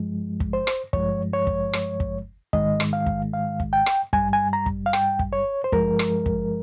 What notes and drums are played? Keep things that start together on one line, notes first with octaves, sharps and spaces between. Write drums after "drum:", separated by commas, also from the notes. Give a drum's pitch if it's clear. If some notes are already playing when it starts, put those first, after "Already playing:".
Already playing: G2 F3 G#3
drum: kick
C5
drum: rim click
G2 F3 G#3 C#5, drum: kick
C#5
drum: kick
drum: rim click
drum: kick
G#2 D#3 G#3 D#5, drum: kick
drum: rim click
F5
drum: kick
F5
drum: kick
G5
drum: rim click
G2 G3 G#5, drum: kick
G#5
A#5
drum: kick
F5
G5, drum: rim click
drum: kick
C#5
C5
G2 F3 G#3 A#4, drum: kick
drum: rim click
drum: kick